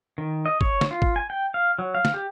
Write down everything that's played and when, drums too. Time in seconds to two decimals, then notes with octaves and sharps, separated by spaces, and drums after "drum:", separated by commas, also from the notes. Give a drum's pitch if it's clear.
0.18 D#3
0.46 D#5
0.61 C#5, drum: kick
0.81 drum: snare
0.91 F4
1.02 drum: kick
1.16 G#5
1.30 G5
1.54 F5
1.79 F#3
1.95 F5
2.05 drum: snare
2.14 G4